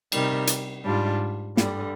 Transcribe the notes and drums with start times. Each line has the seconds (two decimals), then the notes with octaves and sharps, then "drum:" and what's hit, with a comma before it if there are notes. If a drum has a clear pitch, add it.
0.12 C3 D#3 G3, drum: cymbal
0.47 drum: hi-hat
0.84 G#2 G3 D4 F4
1.57 G2 D3 G3, drum: snare